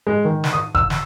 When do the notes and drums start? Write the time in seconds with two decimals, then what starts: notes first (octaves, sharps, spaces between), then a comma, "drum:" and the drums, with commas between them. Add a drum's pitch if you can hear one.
0.07 G#3
0.25 D#3
0.44 drum: snare
0.53 D#6
0.75 E6, drum: kick F1
0.90 drum: snare